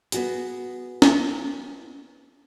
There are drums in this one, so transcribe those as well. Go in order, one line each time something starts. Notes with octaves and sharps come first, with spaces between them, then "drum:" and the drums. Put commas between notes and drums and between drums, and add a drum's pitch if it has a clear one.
B3 F#4 G#4, drum: hi-hat
drum: snare